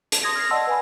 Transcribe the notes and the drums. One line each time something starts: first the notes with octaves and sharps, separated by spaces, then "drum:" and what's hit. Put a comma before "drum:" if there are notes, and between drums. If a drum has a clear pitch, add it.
drum: hi-hat
C6 D#6 G#6 A#6
F6 A#6 C7
D5 D#5 F#5 A5 C6 E6
B4 G#5 B5